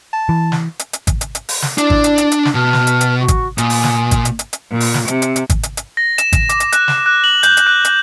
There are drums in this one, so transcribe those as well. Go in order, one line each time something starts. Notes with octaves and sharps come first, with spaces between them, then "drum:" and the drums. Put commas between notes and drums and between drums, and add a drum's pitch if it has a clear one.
A5
E3
drum: snare
drum: hi-hat
drum: hi-hat
drum: kick G#1, hi-hat
drum: hi-hat
drum: hi-hat
drum: open hi-hat
drum: snare
D4 E4 D5, drum: hi-hat
drum: kick G#1
drum: hi-hat
drum: hi-hat
drum: hi-hat
drum: snare
B2 B4 A5 F6
drum: snare
drum: hi-hat
drum: hi-hat
F#4 C#6
drum: kick G#1, hi-hat
A#2 G#5 D#6, drum: hi-hat
drum: open hi-hat
drum: snare
drum: kick G#1, hi-hat
drum: hi-hat
drum: hi-hat
drum: hi-hat
A#2
drum: open hi-hat
drum: snare
C3, drum: hi-hat
drum: hi-hat
drum: hi-hat
drum: kick G#1, hi-hat
drum: hi-hat
drum: hi-hat
A#6
E7, drum: hi-hat
drum: kick G#1, hi-hat
D6, drum: hi-hat
drum: hi-hat
F#6, drum: hi-hat
drum: snare
F#6
F#7
G6, drum: hi-hat
drum: hi-hat
F#6
drum: hi-hat